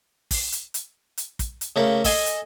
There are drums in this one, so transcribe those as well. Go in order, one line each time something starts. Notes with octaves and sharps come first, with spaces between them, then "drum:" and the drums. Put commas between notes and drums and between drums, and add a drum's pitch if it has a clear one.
drum: kick, open hi-hat
drum: hi-hat
drum: hi-hat
drum: hi-hat
drum: kick, hi-hat
drum: hi-hat
C#3 A3 A#3
A4 D#5 G#5, drum: kick, open hi-hat
drum: hi-hat